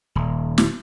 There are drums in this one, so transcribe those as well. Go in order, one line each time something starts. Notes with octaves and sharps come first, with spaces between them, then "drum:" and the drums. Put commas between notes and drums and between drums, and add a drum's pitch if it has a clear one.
D#1
drum: snare